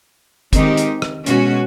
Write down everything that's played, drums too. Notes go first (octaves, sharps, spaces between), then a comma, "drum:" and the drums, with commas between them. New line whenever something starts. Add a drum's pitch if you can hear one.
D#3 G#3 C4 D#4 G4, drum: kick, hi-hat
drum: hi-hat
drum: rim click
B2 G#3 C#4 F#4, drum: hi-hat